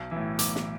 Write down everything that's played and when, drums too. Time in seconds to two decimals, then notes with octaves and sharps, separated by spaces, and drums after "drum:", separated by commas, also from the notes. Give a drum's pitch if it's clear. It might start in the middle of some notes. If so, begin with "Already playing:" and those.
Already playing: B1
0.11 E3
0.16 A2
0.39 B1 D6, drum: hi-hat
0.56 drum: snare